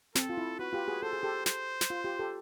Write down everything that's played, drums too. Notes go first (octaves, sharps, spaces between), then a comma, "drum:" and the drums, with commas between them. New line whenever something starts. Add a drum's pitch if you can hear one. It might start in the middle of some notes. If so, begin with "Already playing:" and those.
C4 A4, drum: snare
F4
E4
F#4 B4
F4 G4
F#4 G#4
A4 C5
G#4
G4 A4
C5, drum: snare
drum: snare
F4
F4 G4
G4 A4